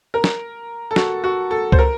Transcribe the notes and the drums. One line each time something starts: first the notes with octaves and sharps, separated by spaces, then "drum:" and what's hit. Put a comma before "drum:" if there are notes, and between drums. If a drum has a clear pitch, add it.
A#4
drum: snare
A4
F#4, drum: snare
F#4
A4
C5, drum: kick C#2
A#4